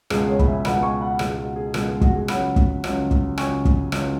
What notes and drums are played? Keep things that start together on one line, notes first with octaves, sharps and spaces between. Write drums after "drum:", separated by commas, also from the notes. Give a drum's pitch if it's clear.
C#2 B2 G#3 G#4, drum: rim click
G#4 C#5
B5, drum: kick
E5 G#5
C#2 B2 G#3 F#5 B5, drum: rim click
G#5 C#6
F#5 B5
C#2 B2 G#3 G#4, drum: rim click
F#4
G#4
C#2 B2 G#3 G#4, drum: rim click
G#4
F#4, drum: kick
G#4
C#2 C#3 F#3 F#5 B5, drum: rim click
drum: kick
C#2 C#3 F#3, drum: rim click
drum: kick
C#2 C#3 F#3 G#5 C#6, drum: rim click
drum: kick
C#2 C#3 F#3, drum: rim click